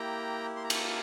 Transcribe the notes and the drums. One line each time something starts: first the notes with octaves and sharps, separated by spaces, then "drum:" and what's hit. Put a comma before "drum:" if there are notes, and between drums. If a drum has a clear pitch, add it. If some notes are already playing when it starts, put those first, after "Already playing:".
Already playing: A#3 E4 G4 G5 A#5
C6
A#5
F5 A5, drum: cymbal